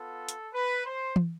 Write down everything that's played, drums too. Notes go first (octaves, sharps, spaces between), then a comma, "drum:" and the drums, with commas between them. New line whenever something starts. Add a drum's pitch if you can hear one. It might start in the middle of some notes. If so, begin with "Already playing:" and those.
Already playing: B3 F4 A4
drum: hi-hat
B4
C5
drum: tom E3